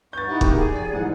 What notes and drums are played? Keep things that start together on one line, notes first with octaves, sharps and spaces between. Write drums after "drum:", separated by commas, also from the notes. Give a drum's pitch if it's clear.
G2 B3 C#6 G6 A6
D#4 E4 G4 F#5
A#3, drum: kick
D3 G4 G#4
F3 D5
G#2 D3 E3 G3 F#5